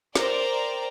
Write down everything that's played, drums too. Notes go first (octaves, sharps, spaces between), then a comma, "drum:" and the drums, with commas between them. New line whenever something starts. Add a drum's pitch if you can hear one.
A#4 C5 D5 G5 A#5, drum: snare